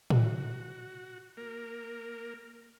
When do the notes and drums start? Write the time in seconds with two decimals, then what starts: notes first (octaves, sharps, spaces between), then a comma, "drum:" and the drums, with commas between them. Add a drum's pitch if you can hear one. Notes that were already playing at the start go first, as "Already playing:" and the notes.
0.10 F#4, drum: tom A2
1.37 A#3 A#4